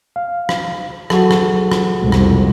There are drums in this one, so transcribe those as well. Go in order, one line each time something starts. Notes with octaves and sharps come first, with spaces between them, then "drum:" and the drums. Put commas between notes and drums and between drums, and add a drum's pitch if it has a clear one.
F5
drum: rim click
F#3 F#4 G#4 A4, drum: rim click
drum: rim click
drum: rim click
C2 F2 B2 G#3
drum: rim click